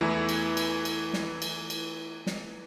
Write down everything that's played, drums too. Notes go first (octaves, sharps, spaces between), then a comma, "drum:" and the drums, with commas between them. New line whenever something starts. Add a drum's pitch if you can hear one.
E2 E3 A3 E4
drum: cymbal
drum: cymbal
drum: cymbal
drum: snare
drum: cymbal
drum: cymbal
drum: snare